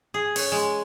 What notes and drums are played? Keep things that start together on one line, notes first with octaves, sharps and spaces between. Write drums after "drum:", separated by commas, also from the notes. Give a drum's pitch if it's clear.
G#4
C#4, drum: open hi-hat
G#3